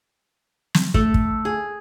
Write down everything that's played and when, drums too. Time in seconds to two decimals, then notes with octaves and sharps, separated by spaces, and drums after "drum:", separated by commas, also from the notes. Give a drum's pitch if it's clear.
0.74 drum: snare
0.94 A3, drum: kick
1.14 drum: kick
1.45 G#4